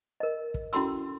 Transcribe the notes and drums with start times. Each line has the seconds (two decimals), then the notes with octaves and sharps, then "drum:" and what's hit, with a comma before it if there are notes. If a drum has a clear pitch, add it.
0.20 A#4 D#5
0.54 drum: kick
0.73 C#4 E4 F#4 A4 C6 E6, drum: hi-hat